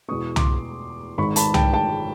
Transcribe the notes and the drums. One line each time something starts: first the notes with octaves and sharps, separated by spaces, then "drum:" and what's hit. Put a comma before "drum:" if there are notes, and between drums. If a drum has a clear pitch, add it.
E2 B2 G#3 B3 C#6 D#6
C6 D6, drum: tom C2
G#1 G#2 D#3 B5 C#6
A5 B5, drum: hi-hat
G5 A5, drum: tom C2
G5 A5